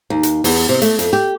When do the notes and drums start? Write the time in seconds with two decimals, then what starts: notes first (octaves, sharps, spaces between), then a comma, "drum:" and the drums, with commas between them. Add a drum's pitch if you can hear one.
0.10 D#2
0.23 drum: hi-hat
0.44 E2, drum: open hi-hat
0.69 C3
0.82 A3, drum: hi-hat
0.99 F2, drum: hi-hat
1.13 G4